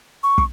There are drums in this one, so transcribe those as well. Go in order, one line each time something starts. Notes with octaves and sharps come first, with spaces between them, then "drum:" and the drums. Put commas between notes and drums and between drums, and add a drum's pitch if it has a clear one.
C#6
drum: kick